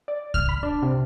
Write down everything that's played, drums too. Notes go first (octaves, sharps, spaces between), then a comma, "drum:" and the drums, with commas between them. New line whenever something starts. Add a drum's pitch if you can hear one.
D5
F6, drum: kick C2
B5
D4
C3